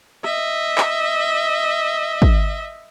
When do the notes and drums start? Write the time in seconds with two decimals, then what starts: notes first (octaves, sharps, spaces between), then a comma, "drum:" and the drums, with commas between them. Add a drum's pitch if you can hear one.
0.24 D#5 E5, drum: rim click
0.78 drum: clap
2.22 drum: kick